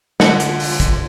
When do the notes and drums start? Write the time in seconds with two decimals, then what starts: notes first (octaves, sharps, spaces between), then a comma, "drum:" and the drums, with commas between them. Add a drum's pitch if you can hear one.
0.20 D3 F4 F#5, drum: snare
0.40 drum: hi-hat
0.60 drum: open hi-hat
0.80 drum: kick, hi-hat